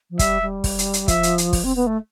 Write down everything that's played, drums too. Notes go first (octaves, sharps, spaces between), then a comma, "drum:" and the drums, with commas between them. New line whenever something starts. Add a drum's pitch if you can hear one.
F3
G3 E5, drum: kick, hi-hat
G3
drum: kick, open hi-hat
drum: hi-hat
drum: hi-hat
F3 E5, drum: kick, hi-hat
drum: hi-hat
drum: hi-hat
drum: kick, open hi-hat
C4
B3
A3